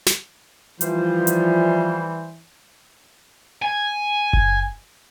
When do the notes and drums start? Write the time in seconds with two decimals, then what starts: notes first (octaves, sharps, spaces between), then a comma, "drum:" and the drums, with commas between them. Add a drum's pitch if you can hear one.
0.06 drum: snare
0.81 E3 F3 G3 C5, drum: hi-hat
1.27 drum: hi-hat
3.62 G#5
4.33 drum: kick F#1